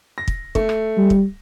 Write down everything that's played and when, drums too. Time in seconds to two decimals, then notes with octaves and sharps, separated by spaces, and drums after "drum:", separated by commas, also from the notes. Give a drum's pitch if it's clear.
0.18 A#6
0.28 drum: kick
0.55 A3, drum: kick
0.69 drum: rim click
0.97 G3
1.10 drum: kick